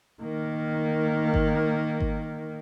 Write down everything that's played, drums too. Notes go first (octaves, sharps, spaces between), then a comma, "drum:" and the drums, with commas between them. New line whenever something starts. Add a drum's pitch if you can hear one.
D#3 A#3
drum: kick G#1
drum: kick G#1